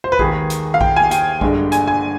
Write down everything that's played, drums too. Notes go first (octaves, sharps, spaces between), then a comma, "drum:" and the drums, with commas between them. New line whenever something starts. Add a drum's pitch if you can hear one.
C5
B4
D#2 D#3 G#3 G#4, drum: kick A#1
drum: hi-hat
F5
G5, drum: kick A#1
G#5
G5, drum: hi-hat
G1 G2 D3 G#3, drum: kick A#1
G#5, drum: hi-hat
G#5